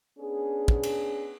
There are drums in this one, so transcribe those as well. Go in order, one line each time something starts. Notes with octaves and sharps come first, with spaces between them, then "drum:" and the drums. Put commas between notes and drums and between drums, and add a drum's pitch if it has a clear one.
B3 C#4 D4 G#4
drum: kick
drum: cymbal